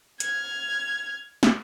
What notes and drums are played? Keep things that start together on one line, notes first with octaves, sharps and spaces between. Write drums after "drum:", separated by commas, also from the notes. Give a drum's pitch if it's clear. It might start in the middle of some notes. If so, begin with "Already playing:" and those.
F6 G#6, drum: hi-hat
drum: snare